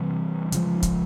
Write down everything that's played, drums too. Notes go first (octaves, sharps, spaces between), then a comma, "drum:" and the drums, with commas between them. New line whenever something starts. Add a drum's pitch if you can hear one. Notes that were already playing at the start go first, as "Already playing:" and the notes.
Already playing: C3 E3 G3
C#3 F3 G#3, drum: hi-hat
drum: kick, hi-hat